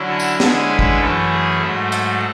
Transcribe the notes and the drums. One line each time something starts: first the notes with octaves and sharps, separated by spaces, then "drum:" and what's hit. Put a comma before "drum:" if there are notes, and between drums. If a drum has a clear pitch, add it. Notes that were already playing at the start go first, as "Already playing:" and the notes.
Already playing: D3 F#3 C#4 E4
A5
drum: tambourine
D3 G#3 C#4 E4 G#5, drum: snare
B4
drum: kick
F#2 E3 A3 C#4 A4
G#4
G#2 F#3 A3 A4
A4, drum: hi-hat